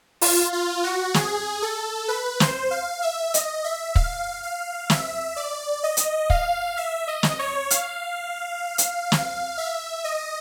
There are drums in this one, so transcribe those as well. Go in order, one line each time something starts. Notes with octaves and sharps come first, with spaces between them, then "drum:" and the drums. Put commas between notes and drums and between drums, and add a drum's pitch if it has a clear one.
F4, drum: open hi-hat
F4
F#4
G#4, drum: snare
A4
B4
C5, drum: snare
F5
E5
D#5, drum: hi-hat
E5
F5, drum: kick
F5
E5, drum: snare
D5
D#5
drum: hi-hat
F5, drum: kick
E5
D#5
drum: snare
C#5
F5, drum: hi-hat
drum: hi-hat
drum: snare
E5
D#5